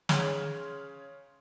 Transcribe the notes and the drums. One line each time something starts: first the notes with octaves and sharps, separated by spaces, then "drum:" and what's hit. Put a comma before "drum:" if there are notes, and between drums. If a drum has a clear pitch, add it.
C#3 C#5 C6 F6 F#7, drum: snare